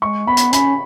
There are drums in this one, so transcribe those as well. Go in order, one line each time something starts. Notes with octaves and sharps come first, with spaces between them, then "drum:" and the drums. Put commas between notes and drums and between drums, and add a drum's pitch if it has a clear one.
G#3 C#6
B3 B5
drum: hi-hat
C#4 B5, drum: hi-hat